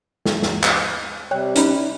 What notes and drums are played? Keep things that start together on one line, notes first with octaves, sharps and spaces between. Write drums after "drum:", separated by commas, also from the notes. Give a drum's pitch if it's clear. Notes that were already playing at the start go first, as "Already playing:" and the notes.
drum: snare
drum: snare
drum: clap
C3 G3 C#5 G5 F#6
C#4 D#4 B5, drum: hi-hat